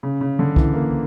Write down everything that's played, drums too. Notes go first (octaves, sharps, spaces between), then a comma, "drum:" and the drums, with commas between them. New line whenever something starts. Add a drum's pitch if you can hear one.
C#3
C#3
D3
E3, drum: kick
A#3